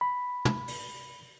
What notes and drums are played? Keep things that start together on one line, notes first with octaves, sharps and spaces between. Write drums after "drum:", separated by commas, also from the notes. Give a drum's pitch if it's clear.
B5
drum: tom
drum: open hi-hat